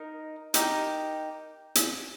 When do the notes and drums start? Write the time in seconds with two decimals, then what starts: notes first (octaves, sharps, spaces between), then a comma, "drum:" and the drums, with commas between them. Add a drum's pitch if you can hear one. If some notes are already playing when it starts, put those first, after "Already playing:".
Already playing: D#4 A#4
0.54 D#4 G4 A#4, drum: hi-hat
1.75 drum: hi-hat